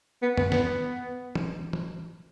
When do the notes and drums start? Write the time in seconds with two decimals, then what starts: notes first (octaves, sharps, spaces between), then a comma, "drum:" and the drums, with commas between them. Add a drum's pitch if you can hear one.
0.23 B3
0.38 B3, drum: tom F#2
0.52 B3, drum: snare
1.35 drum: tom
1.73 drum: tom